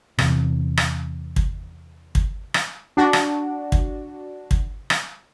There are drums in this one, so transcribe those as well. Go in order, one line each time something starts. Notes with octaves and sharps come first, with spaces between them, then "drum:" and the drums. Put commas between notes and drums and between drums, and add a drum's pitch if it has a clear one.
E2 C3, drum: rim click
drum: rim click
drum: kick
drum: kick
drum: rim click
D4 F#4
drum: rim click
drum: kick
drum: kick
drum: rim click